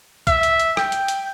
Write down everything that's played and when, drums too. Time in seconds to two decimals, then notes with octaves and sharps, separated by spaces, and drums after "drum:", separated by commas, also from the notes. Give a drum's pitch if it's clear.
0.27 E5, drum: kick, hi-hat
0.43 drum: hi-hat
0.60 drum: hi-hat
0.77 G5, drum: rim click
0.92 drum: hi-hat
1.08 drum: hi-hat